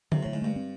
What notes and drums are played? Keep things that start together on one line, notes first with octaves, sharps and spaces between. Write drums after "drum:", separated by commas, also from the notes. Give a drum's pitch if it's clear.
C3 F#3, drum: tom D3
A2 D3
G#2
G2 A3
C4